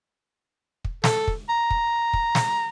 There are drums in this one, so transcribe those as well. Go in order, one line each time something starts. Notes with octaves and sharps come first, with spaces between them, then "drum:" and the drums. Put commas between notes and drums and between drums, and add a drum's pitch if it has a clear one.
drum: kick
A4, drum: snare
drum: kick
A#5
drum: kick
drum: kick
drum: snare